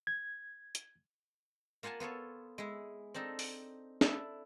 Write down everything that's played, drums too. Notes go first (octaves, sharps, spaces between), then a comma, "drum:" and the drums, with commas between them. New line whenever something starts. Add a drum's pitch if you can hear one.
G#6
drum: hi-hat
A#3 F4 F#5 G#5 A5
B3 F4 A4 C#5
G#3 E4
C4 D4 D#4 A4
drum: open hi-hat
D4 E4 A4, drum: snare